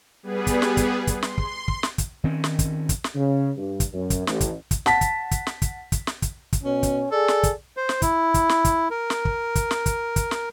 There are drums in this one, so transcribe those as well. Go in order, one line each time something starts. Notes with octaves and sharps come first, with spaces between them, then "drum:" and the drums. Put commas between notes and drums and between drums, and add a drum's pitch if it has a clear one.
G3 B3 G#4 B4
drum: kick, hi-hat
drum: snare
drum: kick, hi-hat
drum: kick, hi-hat
C6, drum: snare
drum: kick
drum: kick
drum: snare
drum: kick, hi-hat
D#3 C4 C#4
drum: snare
drum: kick, hi-hat
drum: kick, hi-hat
drum: snare
C#3
G2
drum: kick, hi-hat
F#2
drum: kick, hi-hat
A1, drum: snare
drum: kick, hi-hat
drum: kick, hi-hat
F#5 A5 B6, drum: snare
drum: kick, hi-hat
drum: kick, hi-hat
drum: snare
drum: kick, hi-hat
drum: kick, hi-hat
drum: snare
drum: kick, hi-hat
drum: kick, hi-hat
B2 C#4
drum: kick, hi-hat
G#4 A4 D5
drum: snare
drum: kick, hi-hat
C5
drum: snare
E4, drum: kick, hi-hat
drum: kick, hi-hat
drum: snare
drum: kick, hi-hat
A#4
drum: snare
drum: kick
drum: kick, hi-hat
drum: snare
drum: kick, hi-hat
drum: kick, hi-hat
drum: snare